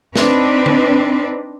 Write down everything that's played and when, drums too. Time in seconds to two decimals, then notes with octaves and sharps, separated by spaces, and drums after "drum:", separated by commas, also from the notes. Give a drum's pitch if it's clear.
0.16 C4 D4 D#4 B4, drum: snare
0.66 drum: tom D3